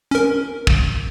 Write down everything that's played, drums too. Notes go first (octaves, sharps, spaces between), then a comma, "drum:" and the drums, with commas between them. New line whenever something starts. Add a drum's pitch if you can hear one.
C#4 A#4
drum: kick